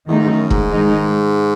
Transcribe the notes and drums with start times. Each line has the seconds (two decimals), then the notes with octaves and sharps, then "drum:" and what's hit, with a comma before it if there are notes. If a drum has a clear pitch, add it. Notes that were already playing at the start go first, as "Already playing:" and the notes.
0.08 E2 D#3 A3 D#4
0.19 G#2
0.29 F#2
0.50 G#2, drum: kick
0.71 D#3 G#3 D#4